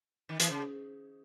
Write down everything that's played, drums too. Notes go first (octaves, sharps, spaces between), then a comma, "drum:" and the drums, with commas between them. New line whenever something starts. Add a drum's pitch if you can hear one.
D#3
E3, drum: hi-hat
C#3